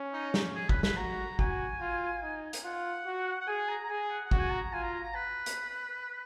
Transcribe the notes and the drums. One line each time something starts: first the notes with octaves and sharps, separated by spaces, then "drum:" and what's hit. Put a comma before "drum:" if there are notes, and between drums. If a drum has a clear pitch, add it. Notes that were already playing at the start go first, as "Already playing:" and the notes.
Already playing: C#4
D#4
drum: snare
G#4
B4, drum: kick G#1
B4, drum: snare
F#4 A#5
F#4 G#5, drum: kick G#1
F4
D#4
drum: hi-hat
F4 F#5
F#4
F#5
G#4 G#5
A#5
A#5
G#4 G#5
F#5
F#5
F#4, drum: kick G#1
G#5
A#5
F4 G#5
A#5
A#5
A#5
B4
drum: hi-hat